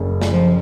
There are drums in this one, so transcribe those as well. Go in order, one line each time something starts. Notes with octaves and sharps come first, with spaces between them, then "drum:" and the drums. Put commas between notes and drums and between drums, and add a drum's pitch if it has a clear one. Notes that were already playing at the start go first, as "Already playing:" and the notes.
Already playing: F#1 F#2 C#3
drum: snare
F3